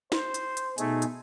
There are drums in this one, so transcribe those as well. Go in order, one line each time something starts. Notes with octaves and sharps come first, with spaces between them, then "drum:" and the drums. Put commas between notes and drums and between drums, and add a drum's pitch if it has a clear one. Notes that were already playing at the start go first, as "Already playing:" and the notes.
C5, drum: snare
drum: hi-hat
drum: hi-hat
B2 A3 D#4 G#4, drum: hi-hat
drum: hi-hat